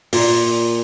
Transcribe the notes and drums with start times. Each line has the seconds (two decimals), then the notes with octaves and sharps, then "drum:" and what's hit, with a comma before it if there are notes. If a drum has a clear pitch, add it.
0.13 A#2, drum: open hi-hat